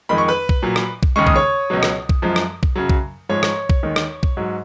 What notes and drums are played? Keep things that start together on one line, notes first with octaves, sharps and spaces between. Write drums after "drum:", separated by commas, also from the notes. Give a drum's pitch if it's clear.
F2 D#3 G#3 B5
C#6
B4 B5
drum: kick B1
A#2 F#3
drum: rim click
drum: kick B1
D#2 C#3 G#3 C#6
D#6, drum: kick B1
C#5 C#6
C#2 B2 F#3
drum: rim click
drum: kick B1
F#2 F3 G#3
drum: rim click
drum: kick B1
F#2 C#3 F#3
drum: kick B1
G#2 F3 G#3 C#5 C#6
drum: rim click
drum: kick B1
D#2 D#3 G#3
drum: rim click
drum: kick B1
G#2 F#3